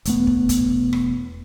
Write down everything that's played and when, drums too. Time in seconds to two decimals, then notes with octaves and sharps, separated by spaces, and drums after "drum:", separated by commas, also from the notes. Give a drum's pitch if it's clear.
0.05 E1 A3 B3, drum: hi-hat
0.27 drum: kick
0.49 drum: kick, hi-hat
0.93 drum: rim click